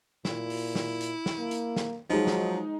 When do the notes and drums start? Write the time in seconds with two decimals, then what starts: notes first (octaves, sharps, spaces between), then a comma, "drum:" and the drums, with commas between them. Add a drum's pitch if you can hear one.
0.25 A#2 E4, drum: snare
0.50 drum: open hi-hat
0.75 drum: snare
1.01 drum: hi-hat
1.26 drum: snare
1.39 A#3
1.51 drum: hi-hat
1.76 drum: snare
2.10 F3 F#3 G#3 D#4
2.27 drum: snare